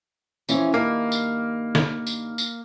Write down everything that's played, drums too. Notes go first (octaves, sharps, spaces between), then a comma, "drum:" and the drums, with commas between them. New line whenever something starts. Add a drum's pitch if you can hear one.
E3 F3 C#4, drum: tambourine
G2 D#3 A#3
drum: tambourine
drum: snare
drum: tambourine
drum: tambourine